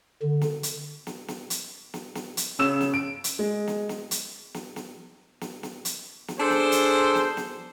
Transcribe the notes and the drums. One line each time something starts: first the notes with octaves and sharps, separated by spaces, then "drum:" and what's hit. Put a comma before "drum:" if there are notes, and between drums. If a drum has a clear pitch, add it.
D3
drum: snare
drum: hi-hat
drum: snare
drum: snare
drum: hi-hat
drum: snare
drum: snare
drum: hi-hat
C#3 C#4 E6 E7
drum: snare
D7
drum: hi-hat
G#3
drum: snare
drum: snare
drum: hi-hat
drum: snare
drum: snare
drum: snare
drum: snare
drum: hi-hat
drum: snare
D4 G#4 A4 C5
drum: snare
drum: hi-hat
drum: snare
drum: snare